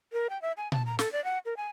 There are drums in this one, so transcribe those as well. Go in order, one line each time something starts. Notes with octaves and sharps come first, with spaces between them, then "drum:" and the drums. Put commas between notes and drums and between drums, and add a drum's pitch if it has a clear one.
A#4
G5
E5
G#5
A5, drum: tom A#2
A#5
A4, drum: snare
D5
F#5
A#4
G#5